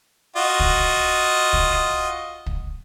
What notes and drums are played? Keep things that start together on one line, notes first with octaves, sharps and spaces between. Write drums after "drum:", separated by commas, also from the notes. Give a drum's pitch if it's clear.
F4 F#4 D#5
drum: kick
drum: kick
drum: kick